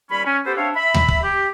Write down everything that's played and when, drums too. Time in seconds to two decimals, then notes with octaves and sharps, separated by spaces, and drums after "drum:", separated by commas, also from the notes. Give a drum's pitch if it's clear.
0.09 D#2 G3 C#4 B5
0.24 C#4
0.44 B3 G4 A4 B4 C5
0.56 C4 D4 C#5 E5 F5
0.75 E5 B5
0.94 drum: tom D#2
1.08 drum: kick
1.23 G4